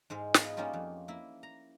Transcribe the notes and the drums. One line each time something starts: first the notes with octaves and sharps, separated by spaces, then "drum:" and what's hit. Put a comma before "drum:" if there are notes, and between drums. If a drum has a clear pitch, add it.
G#2 G#3 C5 F5
B3 D#4 F4, drum: snare
G3 A#3 C#4 D#4 F4 G4
F2
A#3 E4
A#5